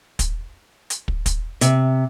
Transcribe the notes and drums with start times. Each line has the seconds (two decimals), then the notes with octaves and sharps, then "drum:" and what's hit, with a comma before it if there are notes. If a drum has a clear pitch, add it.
0.19 drum: kick, hi-hat
0.90 drum: hi-hat
1.08 drum: kick
1.26 drum: kick, hi-hat
1.61 C3, drum: hi-hat